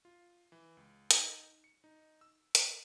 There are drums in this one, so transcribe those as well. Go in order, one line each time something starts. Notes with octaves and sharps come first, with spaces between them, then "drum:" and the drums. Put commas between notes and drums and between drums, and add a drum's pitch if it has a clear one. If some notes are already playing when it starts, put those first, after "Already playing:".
F4
E3
C#2
D#4, drum: hi-hat
C#7
D#4
E6
drum: hi-hat